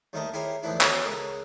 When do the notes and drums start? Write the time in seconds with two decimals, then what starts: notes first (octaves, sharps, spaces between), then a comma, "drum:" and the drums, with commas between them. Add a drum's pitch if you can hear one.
0.13 D#2 G3 A3 A#4 D#5 A5
0.33 E4 G4 G#4 A#4 C5 C#5
0.63 A1 D#2 A#2 F3 D4 E4
0.81 B3 C#4 F#4 A4 D#5, drum: clap
1.05 C#2 G#4 A#4